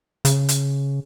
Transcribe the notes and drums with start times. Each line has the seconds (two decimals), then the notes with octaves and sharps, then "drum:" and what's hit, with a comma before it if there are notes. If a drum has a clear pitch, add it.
0.25 C#3, drum: hi-hat
0.49 drum: hi-hat